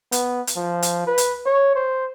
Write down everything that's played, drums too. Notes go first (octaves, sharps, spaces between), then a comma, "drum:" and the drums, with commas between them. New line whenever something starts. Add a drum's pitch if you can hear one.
B3, drum: hi-hat
drum: hi-hat
F3
drum: hi-hat
B4
drum: hi-hat
C#5
C5